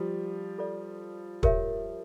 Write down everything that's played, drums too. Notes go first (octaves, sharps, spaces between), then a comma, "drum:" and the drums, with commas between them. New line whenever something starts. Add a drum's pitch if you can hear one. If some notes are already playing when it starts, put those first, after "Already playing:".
Already playing: F3 G3
F4 A4 D5
G4 A#4 C#5 E5, drum: kick